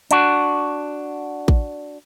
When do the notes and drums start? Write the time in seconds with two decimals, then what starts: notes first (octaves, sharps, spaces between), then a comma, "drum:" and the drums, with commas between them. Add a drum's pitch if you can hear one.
0.11 D4 F#4, drum: hi-hat
1.48 drum: kick A1